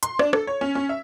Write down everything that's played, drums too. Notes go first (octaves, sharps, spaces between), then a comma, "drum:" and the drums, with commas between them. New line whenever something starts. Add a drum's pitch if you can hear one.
C6, drum: hi-hat
D4, drum: rim click
A4, drum: rim click
C#5
C#4
C#4
E5